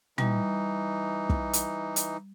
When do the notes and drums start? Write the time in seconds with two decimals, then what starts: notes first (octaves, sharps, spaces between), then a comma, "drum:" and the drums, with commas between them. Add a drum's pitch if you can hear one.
0.18 E3 G3 D#4, drum: tom
1.29 drum: kick
1.53 drum: hi-hat
1.96 drum: hi-hat